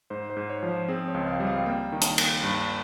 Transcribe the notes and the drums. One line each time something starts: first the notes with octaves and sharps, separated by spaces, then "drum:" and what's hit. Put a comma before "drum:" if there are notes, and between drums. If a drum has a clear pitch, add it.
G#2 C5
C5
G#2
C#5
F3 C#5
C5
C4 G#4
C#5
C#2
F5
G3
F5
A#3 G5
D#3
drum: hi-hat
A#3, drum: cymbal
G2